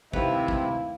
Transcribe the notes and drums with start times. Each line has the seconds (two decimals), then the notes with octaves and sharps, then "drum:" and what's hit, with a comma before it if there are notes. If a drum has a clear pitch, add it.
0.13 C3 D#3 A3 E4 B4 F5, drum: kick
0.48 drum: kick